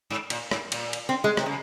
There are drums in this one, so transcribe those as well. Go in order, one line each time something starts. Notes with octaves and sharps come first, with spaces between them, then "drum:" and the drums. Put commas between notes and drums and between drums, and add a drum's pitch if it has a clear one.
G#2
A#2, drum: cymbal
G#2, drum: rim click
A#2, drum: cymbal
drum: cymbal
C4
G#3
C3, drum: rim click
C#3